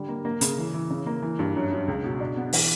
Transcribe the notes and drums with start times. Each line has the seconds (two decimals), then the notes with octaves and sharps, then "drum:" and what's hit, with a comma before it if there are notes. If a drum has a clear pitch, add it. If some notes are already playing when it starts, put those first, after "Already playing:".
Already playing: D3 G3
0.08 A#3
0.25 A#3
0.41 C#3, drum: hi-hat
0.58 E3
0.74 E3
0.90 C#3
1.06 A#3
1.22 E3
1.39 G2
1.56 F#2
1.72 F#2
1.88 C#2
2.04 B2
2.20 D4
2.37 B3
2.53 E3, drum: open hi-hat